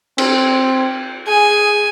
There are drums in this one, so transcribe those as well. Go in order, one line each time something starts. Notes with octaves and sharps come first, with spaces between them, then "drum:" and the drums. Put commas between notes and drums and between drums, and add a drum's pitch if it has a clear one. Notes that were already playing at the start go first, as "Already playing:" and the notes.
C4, drum: cymbal
G#4 G#5